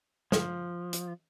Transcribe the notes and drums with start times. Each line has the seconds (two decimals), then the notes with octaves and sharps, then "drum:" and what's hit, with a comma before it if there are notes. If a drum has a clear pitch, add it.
0.32 F3, drum: snare
0.93 drum: hi-hat